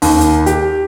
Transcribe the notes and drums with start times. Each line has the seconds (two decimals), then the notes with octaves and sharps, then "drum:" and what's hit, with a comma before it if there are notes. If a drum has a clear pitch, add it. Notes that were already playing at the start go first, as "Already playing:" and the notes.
0.02 D#2, drum: open hi-hat
0.20 drum: hi-hat
0.46 G4, drum: hi-hat